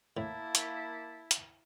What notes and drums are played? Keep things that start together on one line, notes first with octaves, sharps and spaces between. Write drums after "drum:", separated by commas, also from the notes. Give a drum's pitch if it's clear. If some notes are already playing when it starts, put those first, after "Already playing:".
A2 A#3 E4 A5
drum: hi-hat
drum: hi-hat